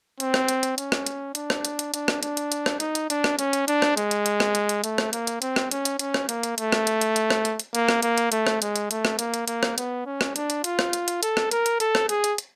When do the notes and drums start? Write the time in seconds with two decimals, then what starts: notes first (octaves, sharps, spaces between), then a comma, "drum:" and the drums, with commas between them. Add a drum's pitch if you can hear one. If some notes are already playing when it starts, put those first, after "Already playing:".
0.20 C4, drum: hi-hat
0.34 drum: rim click
0.48 drum: hi-hat
0.63 drum: hi-hat
0.78 C#4, drum: hi-hat
0.92 drum: rim click
1.07 drum: hi-hat
1.35 D4, drum: hi-hat
1.50 drum: rim click
1.65 drum: hi-hat
1.79 drum: hi-hat
1.94 D4, drum: hi-hat
2.08 drum: rim click
2.23 D4, drum: hi-hat
2.37 drum: hi-hat
2.52 drum: hi-hat
2.66 drum: rim click
2.80 D#4, drum: hi-hat
2.95 drum: hi-hat
3.10 D4, drum: hi-hat
3.24 drum: rim click
3.39 C#4, drum: hi-hat
3.53 drum: hi-hat
3.68 D4, drum: hi-hat
3.82 drum: rim click
3.97 G#3, drum: hi-hat
4.11 drum: hi-hat
4.26 drum: hi-hat
4.40 drum: rim click
4.55 drum: hi-hat
4.69 drum: hi-hat
4.84 A3, drum: hi-hat
4.98 drum: rim click
5.13 A#3, drum: hi-hat
5.27 drum: hi-hat
5.42 C4, drum: hi-hat
5.56 drum: rim click
5.71 C#4, drum: hi-hat
5.85 drum: hi-hat
5.99 C#4, drum: hi-hat
6.14 drum: rim click
6.29 A#3, drum: hi-hat
6.43 drum: hi-hat
6.58 A3, drum: hi-hat
6.72 drum: rim click
6.87 drum: hi-hat
7.01 drum: hi-hat
7.16 drum: hi-hat
7.30 drum: rim click
7.45 drum: hi-hat
7.59 drum: hi-hat
7.75 A#3, drum: hi-hat
7.89 drum: rim click
8.03 A#3, drum: hi-hat
8.18 drum: hi-hat
8.32 A3, drum: hi-hat
8.47 drum: rim click
8.62 G#3, drum: hi-hat
8.76 drum: hi-hat
8.91 A3, drum: hi-hat
9.05 drum: rim click
9.19 A#3, drum: hi-hat
9.34 drum: hi-hat
9.48 A#3, drum: hi-hat
9.63 drum: rim click
9.78 B3, drum: hi-hat
10.06 C#4
10.21 drum: rim click
10.36 D4, drum: hi-hat
10.50 drum: hi-hat
10.64 F4, drum: hi-hat
10.79 drum: rim click
10.93 drum: hi-hat
11.08 drum: hi-hat
11.23 A4, drum: hi-hat
11.37 drum: rim click
11.51 A#4, drum: hi-hat
11.66 drum: hi-hat
11.80 A4, drum: hi-hat
11.95 drum: rim click
12.09 G#4, drum: hi-hat
12.24 drum: hi-hat
12.38 drum: hi-hat